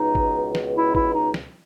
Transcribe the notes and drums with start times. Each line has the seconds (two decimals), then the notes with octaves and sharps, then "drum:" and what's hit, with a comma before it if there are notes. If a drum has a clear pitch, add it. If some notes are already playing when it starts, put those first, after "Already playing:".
Already playing: C#2 B2 D#4
0.15 drum: kick G#1
0.55 drum: snare
0.75 E4
0.95 E4, drum: kick G#1
1.14 D#4
1.34 drum: snare